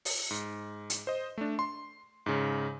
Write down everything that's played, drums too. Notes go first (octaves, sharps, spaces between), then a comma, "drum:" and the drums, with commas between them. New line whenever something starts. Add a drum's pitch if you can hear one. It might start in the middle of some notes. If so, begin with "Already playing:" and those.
drum: open hi-hat
G#2
drum: hi-hat
C5 D#5
A3 D4
C6
G#2 C#3